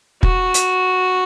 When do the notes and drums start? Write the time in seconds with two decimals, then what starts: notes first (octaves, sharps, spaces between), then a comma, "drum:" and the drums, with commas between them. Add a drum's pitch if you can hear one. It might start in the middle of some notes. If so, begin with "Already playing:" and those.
0.23 F#4, drum: kick
0.54 drum: hi-hat